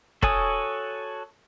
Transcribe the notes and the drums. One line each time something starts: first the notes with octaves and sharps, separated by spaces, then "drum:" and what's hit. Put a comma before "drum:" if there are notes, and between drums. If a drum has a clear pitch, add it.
F#4 A4 C#5 G#5 D#6, drum: kick